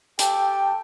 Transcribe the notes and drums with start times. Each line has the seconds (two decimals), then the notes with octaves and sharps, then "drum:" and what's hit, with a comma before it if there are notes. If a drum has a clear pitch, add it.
0.19 G4 A4 G5, drum: hi-hat